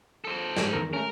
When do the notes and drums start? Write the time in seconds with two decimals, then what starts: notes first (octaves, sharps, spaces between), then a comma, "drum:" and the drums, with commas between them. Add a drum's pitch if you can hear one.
0.25 A4 C5
0.57 G#2 F#3 G3, drum: snare
0.73 E2 D#3 A#4
0.93 A3 C#4 A#4